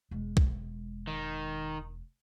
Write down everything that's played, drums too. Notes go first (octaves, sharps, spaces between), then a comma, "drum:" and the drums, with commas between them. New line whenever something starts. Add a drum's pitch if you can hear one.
E1 G#3
drum: kick
D#3